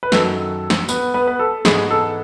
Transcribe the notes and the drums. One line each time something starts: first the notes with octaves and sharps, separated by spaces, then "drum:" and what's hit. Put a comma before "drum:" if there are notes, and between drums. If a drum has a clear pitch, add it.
B4
F#2 D#3 F#3 A4, drum: snare
drum: snare
B3 B4, drum: tambourine
B3 B4
B4
A4
G#2 E3 G#3 B3 G#4, drum: snare
A4